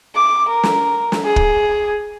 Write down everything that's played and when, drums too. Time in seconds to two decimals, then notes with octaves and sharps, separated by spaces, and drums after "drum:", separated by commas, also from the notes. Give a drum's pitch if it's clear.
0.15 D6
0.48 A#4
0.63 drum: snare
1.12 drum: snare
1.25 G#4
1.36 drum: kick